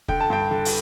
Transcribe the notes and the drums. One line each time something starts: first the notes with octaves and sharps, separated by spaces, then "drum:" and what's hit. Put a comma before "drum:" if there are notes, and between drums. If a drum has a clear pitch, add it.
D3 G5, drum: kick
A5
G2 G5
D3
drum: open hi-hat